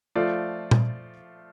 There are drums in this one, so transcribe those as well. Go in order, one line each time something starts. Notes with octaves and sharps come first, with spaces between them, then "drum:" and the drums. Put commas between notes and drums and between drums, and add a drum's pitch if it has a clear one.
F3 A3 F4 D5
drum: tom A#2